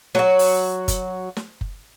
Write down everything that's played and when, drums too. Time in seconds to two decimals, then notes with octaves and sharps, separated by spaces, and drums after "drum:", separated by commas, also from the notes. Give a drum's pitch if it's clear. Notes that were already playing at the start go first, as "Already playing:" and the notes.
0.15 F#3 F#4, drum: snare
0.39 drum: open hi-hat
0.88 drum: kick F#1, hi-hat
1.37 drum: snare
1.61 drum: kick F#1